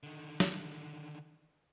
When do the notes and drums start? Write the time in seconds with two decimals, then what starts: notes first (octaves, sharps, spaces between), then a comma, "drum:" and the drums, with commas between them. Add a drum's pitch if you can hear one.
0.03 D3 D#3
0.40 drum: snare